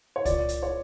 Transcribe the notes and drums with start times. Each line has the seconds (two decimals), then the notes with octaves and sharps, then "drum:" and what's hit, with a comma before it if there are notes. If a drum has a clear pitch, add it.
0.16 C#5
0.25 A#2 D5, drum: kick C#2, hi-hat
0.49 drum: hi-hat
0.63 C#5